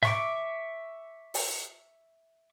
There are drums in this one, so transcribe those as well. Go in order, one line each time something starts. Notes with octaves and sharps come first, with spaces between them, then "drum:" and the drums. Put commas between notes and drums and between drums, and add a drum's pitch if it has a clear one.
E5 C#6 D6, drum: snare G#2
drum: open hi-hat